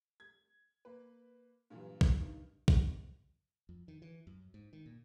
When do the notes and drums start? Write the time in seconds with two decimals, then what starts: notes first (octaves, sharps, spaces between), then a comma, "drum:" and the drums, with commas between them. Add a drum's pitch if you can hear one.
0.20 G#6
0.85 A#3 B4
1.70 G2 A#2 E3 F#3 G3
2.01 drum: kick
2.20 G2 D#3
2.68 drum: kick
3.69 F2
3.88 D#3
4.02 E3
4.27 F#2
4.54 G#2
4.73 D#3
4.86 A#2